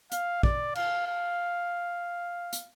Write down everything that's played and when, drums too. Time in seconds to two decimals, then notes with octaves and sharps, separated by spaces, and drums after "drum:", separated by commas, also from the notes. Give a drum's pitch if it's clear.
0.12 F5, drum: hi-hat
0.43 D5, drum: kick
0.75 F5, drum: cymbal
1.07 F5
2.53 drum: hi-hat